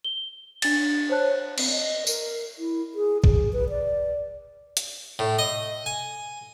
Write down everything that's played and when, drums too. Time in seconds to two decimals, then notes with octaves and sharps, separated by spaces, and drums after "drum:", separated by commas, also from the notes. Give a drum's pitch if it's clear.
0.04 G7
0.62 D4 A6, drum: cymbal
1.10 C5 C#5 A5 F#6
1.58 C4, drum: cymbal
1.71 D#5
2.07 A#4, drum: tambourine
2.58 E4
2.95 G#4
3.24 G#4, drum: kick A#1
3.53 B4
3.69 D5
4.77 drum: hi-hat
5.19 A2
5.39 D#5
5.86 G#5